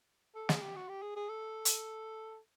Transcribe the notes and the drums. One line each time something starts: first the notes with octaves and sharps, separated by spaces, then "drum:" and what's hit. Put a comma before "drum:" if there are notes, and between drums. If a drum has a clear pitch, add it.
A4
G#4, drum: snare
G4
F#4
G4
G#4
G#4
A4
drum: hi-hat